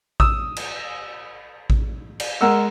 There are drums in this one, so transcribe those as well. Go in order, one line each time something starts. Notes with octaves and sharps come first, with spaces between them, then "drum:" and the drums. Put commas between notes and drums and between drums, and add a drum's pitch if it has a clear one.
D#6 E6, drum: kick A1
drum: cymbal
drum: kick A1
drum: cymbal
G#3 A#4 F#5 E6